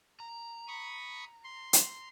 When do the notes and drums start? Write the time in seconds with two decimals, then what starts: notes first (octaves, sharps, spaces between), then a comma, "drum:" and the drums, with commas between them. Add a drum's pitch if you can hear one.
0.20 A#5
0.68 B5 C#6 D#6
1.44 C6
1.73 drum: hi-hat